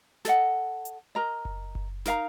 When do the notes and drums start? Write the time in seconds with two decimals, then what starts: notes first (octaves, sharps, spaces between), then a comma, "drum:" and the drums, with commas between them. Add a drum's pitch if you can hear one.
0.25 A4 D#5 F#5, drum: snare
0.85 drum: hi-hat
1.15 A#4 D#5 A#5
1.45 drum: kick F#1
1.75 drum: kick F#1
2.05 D#4 A#4 F5 A#5, drum: snare